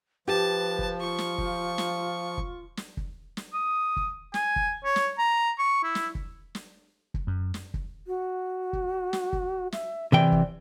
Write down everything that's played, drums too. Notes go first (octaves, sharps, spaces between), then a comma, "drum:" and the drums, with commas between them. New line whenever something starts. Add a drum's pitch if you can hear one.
F3 G4 B4 A5
drum: kick
F4 C#6
drum: snare
drum: kick
drum: snare
drum: kick
drum: snare
drum: kick
drum: snare
D#6
drum: kick
G#5, drum: snare
drum: kick
C#5
drum: snare
A#5
C#6
E4
drum: snare
drum: kick
drum: snare
drum: kick
F#2
drum: snare
drum: kick
F#4
drum: kick
drum: snare
drum: kick
E5, drum: snare
C3 E3 D5 G5
drum: kick